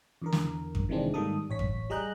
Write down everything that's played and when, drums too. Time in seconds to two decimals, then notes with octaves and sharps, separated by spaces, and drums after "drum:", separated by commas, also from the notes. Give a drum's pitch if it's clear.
0.22 E2 D3 A#4
0.32 drum: snare
0.75 drum: kick F2
0.89 C3 D#3 E3 G#3 C4 D4
1.14 G#2 D#3 G3 A#3 A4 D#6
1.50 A1 C#5 B6
1.59 drum: kick F2
1.90 G3 G#4 D#5 A#5 F#6 G6